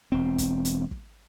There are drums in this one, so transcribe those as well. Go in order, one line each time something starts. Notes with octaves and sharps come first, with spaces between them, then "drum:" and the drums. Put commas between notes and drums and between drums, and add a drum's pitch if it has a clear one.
E1 C4
drum: kick, hi-hat
drum: hi-hat
drum: kick